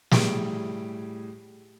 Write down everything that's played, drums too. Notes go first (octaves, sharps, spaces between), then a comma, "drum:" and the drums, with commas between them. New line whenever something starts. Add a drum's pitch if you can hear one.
A2 G3 G#4 D7, drum: snare